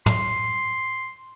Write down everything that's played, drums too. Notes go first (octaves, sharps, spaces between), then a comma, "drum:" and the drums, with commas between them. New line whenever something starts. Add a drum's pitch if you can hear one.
C6, drum: tom